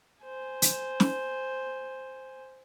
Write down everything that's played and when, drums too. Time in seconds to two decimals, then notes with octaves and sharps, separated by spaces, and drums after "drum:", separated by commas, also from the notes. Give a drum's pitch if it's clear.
0.24 C5 G#5
0.62 drum: hi-hat
1.00 drum: snare